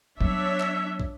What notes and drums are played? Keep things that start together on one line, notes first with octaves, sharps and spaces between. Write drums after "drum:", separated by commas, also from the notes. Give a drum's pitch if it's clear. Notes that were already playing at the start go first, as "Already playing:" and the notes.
F#3 B3 D4 C#5 E5, drum: kick
drum: clap
drum: kick